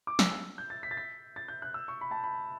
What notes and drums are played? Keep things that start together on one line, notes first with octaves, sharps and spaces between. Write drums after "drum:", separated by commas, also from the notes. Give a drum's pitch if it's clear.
D6
E6, drum: snare
G6
A6
B6
A6
B6
A6
G6
F#6
E6
C#6
B5
A5
B5